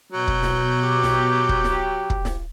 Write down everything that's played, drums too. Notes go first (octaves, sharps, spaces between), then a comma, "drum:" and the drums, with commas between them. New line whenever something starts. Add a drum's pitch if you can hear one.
B2 F#3 G6
drum: kick
drum: snare
G4
drum: snare
drum: kick
drum: snare
drum: kick
drum: snare